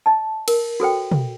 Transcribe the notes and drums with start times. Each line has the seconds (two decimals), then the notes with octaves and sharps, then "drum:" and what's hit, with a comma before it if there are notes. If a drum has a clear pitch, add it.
0.06 D#5 A5
0.48 A#4, drum: cymbal
0.80 F#4 A4 C5 G5
1.12 drum: tom